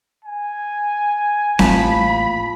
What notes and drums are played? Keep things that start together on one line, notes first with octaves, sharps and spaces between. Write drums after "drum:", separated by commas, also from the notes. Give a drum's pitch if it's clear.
G#5
A1 F3 A#3 B5, drum: snare C4